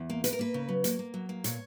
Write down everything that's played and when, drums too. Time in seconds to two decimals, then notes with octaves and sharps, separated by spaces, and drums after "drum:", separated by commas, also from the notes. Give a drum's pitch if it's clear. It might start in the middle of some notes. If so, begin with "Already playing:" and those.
Already playing: E2
0.10 A#3
0.24 A#3 B4, drum: hi-hat
0.33 A#4
0.39 A#3 B4
0.54 C#3
0.69 F#3
0.84 A#3, drum: hi-hat
0.99 A#3
1.14 F#3
1.29 A#3
1.44 A#2 C#5, drum: hi-hat